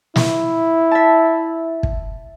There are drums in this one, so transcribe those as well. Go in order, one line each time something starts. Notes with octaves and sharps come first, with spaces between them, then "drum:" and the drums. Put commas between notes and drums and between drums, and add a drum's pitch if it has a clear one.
E4, drum: snare
E5 A5
drum: kick